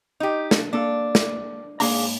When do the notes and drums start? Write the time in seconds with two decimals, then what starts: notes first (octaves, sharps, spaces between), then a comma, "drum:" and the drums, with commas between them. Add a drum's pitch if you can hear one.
0.20 D#4 G4
0.51 B1 D4, drum: snare
0.73 A#3 D4 A4 F5
1.15 drum: snare
1.80 G#2 A#3 D4 G#4 F5 A#5, drum: open hi-hat